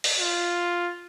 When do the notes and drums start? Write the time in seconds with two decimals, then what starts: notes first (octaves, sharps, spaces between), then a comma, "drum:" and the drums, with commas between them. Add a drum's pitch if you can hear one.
0.04 drum: open hi-hat
0.20 F4